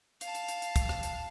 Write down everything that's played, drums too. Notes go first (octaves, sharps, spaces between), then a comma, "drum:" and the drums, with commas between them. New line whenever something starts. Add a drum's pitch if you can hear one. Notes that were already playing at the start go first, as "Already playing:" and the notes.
F5 A5, drum: hi-hat
drum: hi-hat
drum: hi-hat
drum: hi-hat
drum: kick, hi-hat
drum: rim click
drum: hi-hat